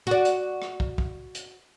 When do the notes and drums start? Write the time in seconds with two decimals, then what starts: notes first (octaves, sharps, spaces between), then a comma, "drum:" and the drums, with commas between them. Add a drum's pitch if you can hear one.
0.07 F#4 D5
0.25 drum: hi-hat
0.62 drum: rim click
0.80 drum: kick
0.98 drum: kick
1.35 drum: hi-hat